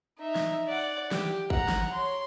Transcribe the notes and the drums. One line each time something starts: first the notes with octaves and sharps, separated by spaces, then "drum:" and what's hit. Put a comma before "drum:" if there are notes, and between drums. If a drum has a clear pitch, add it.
D#4 E5
drum: snare
D5 F#5
G4, drum: snare
F#5 A#5, drum: kick
drum: snare
C#5 C6